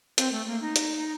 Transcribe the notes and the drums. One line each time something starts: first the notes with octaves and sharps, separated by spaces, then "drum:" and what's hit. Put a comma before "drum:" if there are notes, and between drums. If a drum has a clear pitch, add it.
C4, drum: hi-hat
A3
A#3
D#4
drum: hi-hat